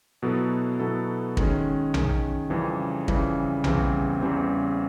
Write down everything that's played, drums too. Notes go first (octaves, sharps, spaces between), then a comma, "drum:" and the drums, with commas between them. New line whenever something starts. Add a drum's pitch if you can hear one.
B2 F#3 B3 E4 A4
B2 F#3 B3 E4 A4
D#3 G#3 C#4, drum: kick
D#3 G#3 C#4, drum: tom A#1
F2 C#3 E3 G3
F2 C#3 E3 G3, drum: kick
E2 C#3 E3 G3 C4, drum: tom A#1
E2 C#3 E3 G3 C4